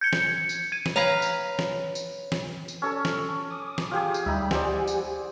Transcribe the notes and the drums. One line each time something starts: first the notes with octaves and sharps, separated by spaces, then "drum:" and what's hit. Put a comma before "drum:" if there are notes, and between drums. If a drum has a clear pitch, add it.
G6 G#6 C#7
drum: snare
drum: tambourine
G#6 D#7
drum: snare
B4 C#5 F5 A#5
drum: tambourine
drum: snare
drum: tambourine
drum: snare
drum: tambourine
C#4 A4 C#5
drum: snare
D6 D#6
drum: snare
F4 G4 G#4
drum: tambourine
D2 G3 D#4 E4 B5
G4 C5 D5 F#5 G#5, drum: snare
drum: tambourine